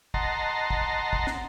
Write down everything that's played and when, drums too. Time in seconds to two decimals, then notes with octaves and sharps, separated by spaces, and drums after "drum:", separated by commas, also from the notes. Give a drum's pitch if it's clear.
0.14 D#5 F#5 A5 A#5 C6, drum: kick
0.70 drum: kick
1.13 drum: kick
1.27 drum: snare